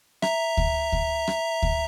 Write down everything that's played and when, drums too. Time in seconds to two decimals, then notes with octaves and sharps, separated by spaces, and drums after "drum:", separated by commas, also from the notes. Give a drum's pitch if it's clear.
0.22 E5 A#5, drum: rim click
0.57 drum: kick D2
0.92 drum: kick D2
1.27 drum: rim click
1.63 drum: kick D2